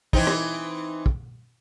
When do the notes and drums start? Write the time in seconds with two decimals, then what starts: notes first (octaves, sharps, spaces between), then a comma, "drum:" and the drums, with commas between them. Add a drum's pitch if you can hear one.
0.13 E3 C4 D#4, drum: kick
0.27 drum: rim click
1.06 drum: kick